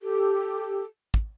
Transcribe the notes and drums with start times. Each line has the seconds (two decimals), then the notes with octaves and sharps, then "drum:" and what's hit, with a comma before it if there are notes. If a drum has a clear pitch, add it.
0.01 G4 A4
1.14 drum: kick